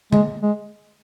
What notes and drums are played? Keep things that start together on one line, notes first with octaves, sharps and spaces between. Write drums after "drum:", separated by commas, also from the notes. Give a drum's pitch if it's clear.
G#3, drum: tom D3
G#3